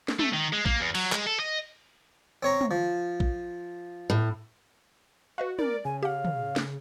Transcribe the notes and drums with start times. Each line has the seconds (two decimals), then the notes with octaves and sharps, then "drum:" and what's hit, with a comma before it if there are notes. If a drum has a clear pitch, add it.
0.08 drum: snare
0.19 A3, drum: tom
0.33 D#3
0.53 G#3
0.66 A#3, drum: kick A#1
0.80 E2
0.95 F#3, drum: cymbal
1.12 G#3, drum: clap
1.27 A4
1.40 D#5
2.43 C4 C#5 A#5
2.61 drum: tom
2.71 F3
3.20 drum: kick A#1
4.10 A2
5.38 F#4 B4 D#5 F5
5.59 A#4 D5, drum: tom
5.85 C#3 G#5
6.03 G4 F5 F#5
6.25 drum: tom
6.56 drum: snare